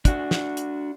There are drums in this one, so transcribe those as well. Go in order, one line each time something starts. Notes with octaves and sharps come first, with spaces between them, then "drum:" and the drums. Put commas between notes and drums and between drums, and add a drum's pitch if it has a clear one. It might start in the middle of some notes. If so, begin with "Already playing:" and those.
D4 F#4, drum: kick, hi-hat
drum: snare
drum: hi-hat